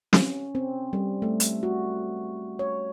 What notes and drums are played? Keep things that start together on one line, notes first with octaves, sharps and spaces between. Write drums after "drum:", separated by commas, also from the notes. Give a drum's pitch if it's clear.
C#4, drum: snare
C4
G3
A3
drum: hi-hat
F#4
C#5